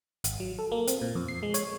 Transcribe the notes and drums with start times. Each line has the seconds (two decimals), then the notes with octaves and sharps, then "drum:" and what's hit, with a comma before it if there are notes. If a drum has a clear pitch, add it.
0.24 G#1, drum: hi-hat
0.40 F#3
0.59 A4
0.72 A#3
0.87 C4, drum: hi-hat
1.01 A#2
1.15 F2
1.28 C7
1.43 G#3
1.54 C#5, drum: hi-hat